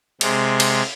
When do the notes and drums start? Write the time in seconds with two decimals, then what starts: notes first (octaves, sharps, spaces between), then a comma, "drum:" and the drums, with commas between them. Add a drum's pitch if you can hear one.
0.21 C3 G#3, drum: cymbal
0.60 drum: cymbal